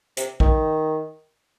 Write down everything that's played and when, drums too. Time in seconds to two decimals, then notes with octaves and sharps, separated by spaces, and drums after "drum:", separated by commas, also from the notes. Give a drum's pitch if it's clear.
0.17 C3, drum: hi-hat
0.40 D#3, drum: kick A#1